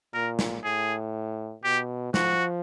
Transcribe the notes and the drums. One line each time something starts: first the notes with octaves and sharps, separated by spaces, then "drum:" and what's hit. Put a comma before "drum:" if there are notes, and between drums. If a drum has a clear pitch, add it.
A#2 A#4
drum: snare
A2 G#4
B2 G4
F3 F#4, drum: snare